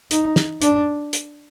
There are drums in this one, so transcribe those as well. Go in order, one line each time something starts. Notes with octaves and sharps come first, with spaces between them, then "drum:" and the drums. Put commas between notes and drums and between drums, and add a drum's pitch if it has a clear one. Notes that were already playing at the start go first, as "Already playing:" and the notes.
D#4, drum: hi-hat
drum: snare
D4, drum: hi-hat
drum: hi-hat